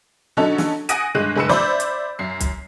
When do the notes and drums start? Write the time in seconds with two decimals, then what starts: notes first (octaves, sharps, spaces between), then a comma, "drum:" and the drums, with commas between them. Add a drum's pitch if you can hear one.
0.37 D3 F#3 C#4 D#4 A4
0.58 drum: snare
0.89 F#5 G#5 D#6 A#6 D7 D#7, drum: hi-hat
1.15 G1 G#3 F#6 D#7
1.36 F#1 G#3 B4 E6 C#7 E7
1.49 C5 D5 E5 B5 D6 G6, drum: snare
1.80 drum: hi-hat
2.19 F#2 C7
2.40 drum: kick, hi-hat